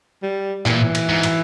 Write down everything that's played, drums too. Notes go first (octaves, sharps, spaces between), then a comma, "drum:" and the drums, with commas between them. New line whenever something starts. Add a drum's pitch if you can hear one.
G3
A#2 E3, drum: clap
drum: cymbal
G#2
drum: cymbal